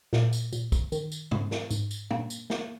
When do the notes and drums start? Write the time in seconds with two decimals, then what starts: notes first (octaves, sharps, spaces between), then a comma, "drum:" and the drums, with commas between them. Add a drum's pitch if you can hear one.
0.13 A#2, drum: snare
0.33 drum: tambourine
0.53 A#2, drum: tambourine
0.72 drum: kick, tambourine
0.92 D#3, drum: tambourine
1.12 drum: tambourine
1.31 G#2, drum: tom
1.51 drum: snare
1.71 G#2, drum: tambourine
1.91 drum: tambourine
2.11 A#3, drum: tom A#2
2.30 drum: tambourine
2.50 A#3, drum: snare